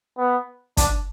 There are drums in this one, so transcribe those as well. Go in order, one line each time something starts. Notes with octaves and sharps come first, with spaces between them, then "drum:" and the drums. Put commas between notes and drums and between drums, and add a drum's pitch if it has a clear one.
B3
D4, drum: kick, hi-hat